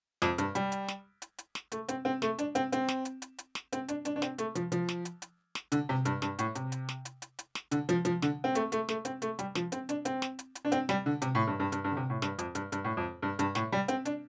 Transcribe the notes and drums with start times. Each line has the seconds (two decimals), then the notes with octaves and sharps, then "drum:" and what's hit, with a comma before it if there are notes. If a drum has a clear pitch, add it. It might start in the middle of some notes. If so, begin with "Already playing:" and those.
0.22 F2, drum: snare
0.38 G2, drum: hi-hat
0.55 G3, drum: hi-hat
0.72 drum: hi-hat
0.88 drum: snare
1.22 drum: hi-hat
1.38 drum: hi-hat
1.55 drum: snare
1.72 A3, drum: hi-hat
1.88 C4, drum: hi-hat
2.05 C4
2.22 A3, drum: snare
2.38 D4, drum: hi-hat
2.55 C4, drum: hi-hat
2.72 C4, drum: hi-hat
2.88 drum: snare
3.05 drum: hi-hat
3.22 drum: hi-hat
3.38 drum: hi-hat
3.55 drum: snare
3.72 C4, drum: hi-hat
3.88 D4, drum: hi-hat
4.05 D4, drum: hi-hat
4.16 D4
4.22 C4, drum: snare
4.38 A3, drum: hi-hat
4.55 F3, drum: hi-hat
4.72 F3, drum: hi-hat
4.89 drum: snare
5.05 drum: hi-hat
5.22 drum: hi-hat
5.55 drum: snare
5.72 D3, drum: hi-hat
5.89 C3
6.05 G2, drum: hi-hat
6.22 G2, drum: snare
6.39 A2, drum: hi-hat
6.55 C3, drum: hi-hat
6.72 drum: hi-hat
6.89 drum: snare
7.05 drum: hi-hat
7.22 drum: hi-hat
7.39 drum: hi-hat
7.55 drum: snare
7.71 D3, drum: hi-hat
7.89 F3, drum: hi-hat
8.05 F3, drum: hi-hat
8.22 D3, drum: snare
8.44 C4
8.55 A3, drum: hi-hat
8.72 A3, drum: hi-hat
8.89 A3, drum: snare
9.05 C4, drum: hi-hat
9.22 A3, drum: hi-hat
9.39 G3, drum: hi-hat
9.55 F3, drum: snare
9.72 C4, drum: hi-hat
9.89 D4, drum: hi-hat
10.05 C4, drum: hi-hat
10.22 drum: snare
10.39 drum: hi-hat
10.55 drum: hi-hat
10.65 D4
10.72 C4, drum: hi-hat
10.89 G3, drum: snare
11.06 D3
11.22 C3, drum: hi-hat
11.35 A2
11.47 G2
11.60 G2
11.72 G2, drum: hi-hat
11.84 G2
11.91 D3
11.97 C3
12.10 A2
12.22 G2, drum: snare
12.39 F2, drum: hi-hat
12.55 G2, drum: hi-hat
12.72 G2, drum: hi-hat
12.84 A2
12.97 F2
13.22 G2
13.39 G2, drum: hi-hat
13.55 A2, drum: snare
13.72 G3
13.88 C4, drum: hi-hat
14.05 D4, drum: hi-hat